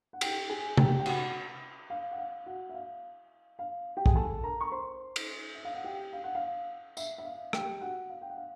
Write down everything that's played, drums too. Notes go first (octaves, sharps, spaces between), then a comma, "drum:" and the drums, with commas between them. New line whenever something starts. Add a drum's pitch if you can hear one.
F#5
G4 G5, drum: cymbal
G#4 G#5
G4 G5, drum: tom C3
G5
F#4 F#5, drum: cymbal
F5
F#5
F5
F#4 F#5
E5
F5
F5
G4 G5
G#4 G#5, drum: kick
A4 A5
A#4 A#5
C#6
C5 C6
drum: cymbal
E5
F5
F#5
G4 G5
F5
F#5
F5
E5, drum: tambourine
E5
F5
G4 G5, drum: rim click
F#4 F#5
F5
G5
F#5
F5